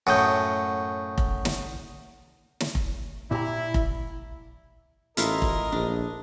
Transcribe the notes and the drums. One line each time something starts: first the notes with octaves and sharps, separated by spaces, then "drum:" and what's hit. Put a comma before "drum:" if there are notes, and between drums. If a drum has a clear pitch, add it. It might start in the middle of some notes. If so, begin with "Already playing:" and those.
F#2 A2 F#5 D#6 G6
drum: kick F1
drum: snare
drum: snare
drum: kick F1
A#2 E4 G4 A#5
drum: kick F1
A1 E4 F4 A4 A#4 D#5, drum: hi-hat
drum: kick F1
A#1 D4